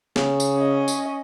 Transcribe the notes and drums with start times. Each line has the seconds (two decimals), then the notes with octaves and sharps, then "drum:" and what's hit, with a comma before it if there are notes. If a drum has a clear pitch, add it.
0.16 C#3, drum: snare
0.40 drum: tambourine
0.56 C#4 D#5
0.88 drum: tambourine